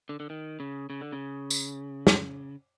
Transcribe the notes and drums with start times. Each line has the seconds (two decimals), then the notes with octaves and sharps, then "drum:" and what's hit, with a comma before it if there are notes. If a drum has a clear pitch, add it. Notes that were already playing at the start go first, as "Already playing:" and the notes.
0.09 D3
0.20 D3
0.30 D#3
0.60 C#3
0.90 C#3
1.01 D3
1.12 C#3
1.50 drum: tambourine
2.07 drum: snare